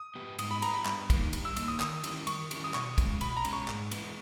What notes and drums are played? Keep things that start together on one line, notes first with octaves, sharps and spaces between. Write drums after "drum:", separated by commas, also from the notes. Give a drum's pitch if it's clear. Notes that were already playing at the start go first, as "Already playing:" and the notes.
Already playing: D#6
G3 B3 G4
G#2 D#6, drum: cymbal
B5
G3 B3 G4 A#5, drum: cymbal
B5
G2, drum: clap
D#3 A#3, drum: kick, cymbal
G2, drum: cymbal
E6
D#3 A#3 E6, drum: cymbal
D#6
D#3 D#6, drum: clap
G3 C#4 E4 G4, drum: cymbal
D#3 C#6, drum: cymbal
G3 C#4 E4 G4, drum: cymbal
D#6
B2 C#6, drum: clap
G#3 C#4, drum: kick, cymbal
B2 B5, drum: cymbal
A#5
G#3 C#4, drum: cymbal
C#6
G#2, drum: clap
E3 G#3 B3, drum: cymbal